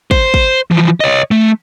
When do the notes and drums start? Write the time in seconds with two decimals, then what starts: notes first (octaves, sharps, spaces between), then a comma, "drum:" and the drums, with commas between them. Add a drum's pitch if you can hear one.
0.11 C5, drum: kick
0.34 drum: kick
0.71 E3 F3
1.00 C#5 D#5
1.31 A3